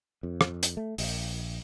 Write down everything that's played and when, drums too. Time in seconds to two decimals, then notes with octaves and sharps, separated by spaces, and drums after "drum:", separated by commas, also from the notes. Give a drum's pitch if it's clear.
0.23 F2
0.41 drum: rim click
0.63 drum: hi-hat
0.77 A3
0.98 A#1, drum: open hi-hat